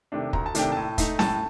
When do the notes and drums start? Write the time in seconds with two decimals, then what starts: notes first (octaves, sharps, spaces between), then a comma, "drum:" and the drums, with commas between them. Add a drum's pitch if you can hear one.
0.12 C3 D#3 A3 D4
0.33 D2 A#5, drum: kick
0.46 A5
0.55 C3 D#3 A3 D4 G5, drum: hi-hat
0.72 A2 A5
0.98 A3 D#4, drum: kick, hi-hat
1.19 A2 A5, drum: snare